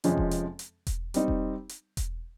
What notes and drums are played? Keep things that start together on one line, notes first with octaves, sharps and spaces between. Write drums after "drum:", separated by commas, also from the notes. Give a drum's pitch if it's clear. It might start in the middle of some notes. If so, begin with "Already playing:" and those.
F2 C3 F3 G#3 C#4, drum: hi-hat
drum: kick E1
drum: hi-hat
drum: hi-hat
drum: kick E1, hi-hat
G3 C4 D#4, drum: hi-hat
drum: kick E1
drum: hi-hat
drum: kick E1, hi-hat